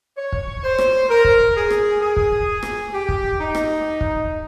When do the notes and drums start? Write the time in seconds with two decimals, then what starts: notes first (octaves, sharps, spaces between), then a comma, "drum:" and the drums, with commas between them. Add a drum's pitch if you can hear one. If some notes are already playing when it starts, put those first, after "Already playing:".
0.17 C#5
0.32 drum: kick
0.64 C5
0.78 drum: rim click
1.09 A#4
1.24 drum: kick
1.56 G#4
1.71 drum: rim click
2.01 G#4
2.17 drum: kick
2.63 drum: rim click
2.93 G4
3.09 drum: kick
3.40 D#4
3.55 drum: rim click
4.01 drum: kick